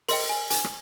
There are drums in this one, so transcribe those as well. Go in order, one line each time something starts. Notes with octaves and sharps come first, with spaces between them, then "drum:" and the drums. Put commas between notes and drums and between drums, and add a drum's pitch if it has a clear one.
A#4 D#5 G5 C6, drum: open hi-hat
G#5
G#5, drum: hi-hat
drum: rim click